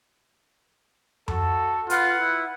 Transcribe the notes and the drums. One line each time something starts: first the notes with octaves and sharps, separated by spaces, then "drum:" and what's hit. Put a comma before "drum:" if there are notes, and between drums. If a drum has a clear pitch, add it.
F#4 A4, drum: tom F2
F4 B4 F#5, drum: hi-hat
E4